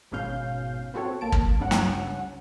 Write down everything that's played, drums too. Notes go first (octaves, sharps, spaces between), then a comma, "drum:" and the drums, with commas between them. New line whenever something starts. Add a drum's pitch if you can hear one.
G#1 G#2 B2 C#4 F5 G6
B3 C4 F#4 A4 C#5
A#1 A#3 A5 D7
drum: kick
C#2 G2 C#4 F#5
drum: snare